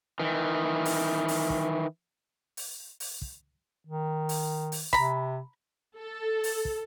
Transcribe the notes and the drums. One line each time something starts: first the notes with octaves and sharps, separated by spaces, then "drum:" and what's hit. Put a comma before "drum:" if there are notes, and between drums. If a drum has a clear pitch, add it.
D#3 E3
drum: open hi-hat
drum: open hi-hat
drum: kick
drum: open hi-hat
drum: open hi-hat
drum: kick
D#3
drum: open hi-hat
drum: open hi-hat
C3 A#5 B5, drum: kick
A4
drum: open hi-hat
drum: kick